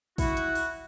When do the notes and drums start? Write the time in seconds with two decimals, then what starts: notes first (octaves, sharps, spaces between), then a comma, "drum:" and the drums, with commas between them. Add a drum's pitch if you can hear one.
0.18 E4 F#4, drum: kick, open hi-hat
0.37 drum: hi-hat
0.55 drum: open hi-hat